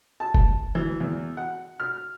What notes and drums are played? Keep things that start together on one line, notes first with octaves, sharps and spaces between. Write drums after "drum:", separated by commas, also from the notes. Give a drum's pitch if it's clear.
A5
drum: kick F1
E3
E2
F#5
F6